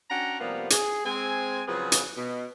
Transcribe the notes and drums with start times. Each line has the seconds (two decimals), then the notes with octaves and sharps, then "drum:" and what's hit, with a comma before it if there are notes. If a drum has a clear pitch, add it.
0.10 C#4 D4 F#4 F#5 G5 A#5
0.40 C3 F3 G3 A#3 B3
0.70 G#4, drum: hi-hat
1.05 G#3 C4 G#5
1.68 C#3 F3 F#3 C4 G#4 B4
1.92 drum: hi-hat
2.17 B2